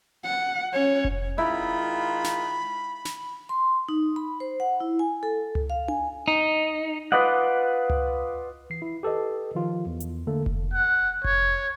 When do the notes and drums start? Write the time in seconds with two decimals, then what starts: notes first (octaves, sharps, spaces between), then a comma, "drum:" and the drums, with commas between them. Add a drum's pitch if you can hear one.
0.24 F#5
0.72 C#4 C#5
1.04 drum: kick F1
1.38 D#3 G#3 E4 F4 B5
2.24 drum: snare
3.05 drum: snare
3.49 C6
3.89 D#4
4.16 B5
4.40 C5
4.60 F#5
4.80 E4
4.99 G#5
5.23 A4
5.55 drum: tom C#2
5.70 F5
5.88 G#5, drum: tom D4
6.28 D#4
7.12 F4 B4 D5 D#5 F#5
7.90 drum: tom C#2
8.70 E3 C7
8.82 E4
9.03 G4 A4 B4 D#5
9.55 D#3 F3 F4
9.86 E2
10.00 drum: hi-hat
10.27 D3 A3 A#3 A4
10.46 drum: kick F1
10.74 F#5
11.24 C#5, drum: kick F1